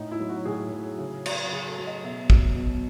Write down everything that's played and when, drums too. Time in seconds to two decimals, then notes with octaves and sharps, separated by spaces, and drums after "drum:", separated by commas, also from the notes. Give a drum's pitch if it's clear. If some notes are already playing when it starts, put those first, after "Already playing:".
Already playing: A2 D#4
0.11 E4
0.20 F#3
0.29 F#4
0.45 A2 G#4
0.72 F#3
0.99 C#3
1.26 F#3, drum: cymbal
1.43 F#4
1.51 C#3 G#4
1.68 A4
1.78 F#3
1.87 D#5
2.04 B2 E5
2.30 F#3, drum: kick
2.56 B2